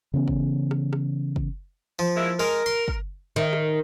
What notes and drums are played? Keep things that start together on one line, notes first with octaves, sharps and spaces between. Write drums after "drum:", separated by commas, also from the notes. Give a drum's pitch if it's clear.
C#3 E3 B3 C#4
drum: kick
drum: rim click
drum: rim click
drum: kick
F3
G#3 A#3 E4
G#3 A#4
C6
drum: kick
D#3
drum: rim click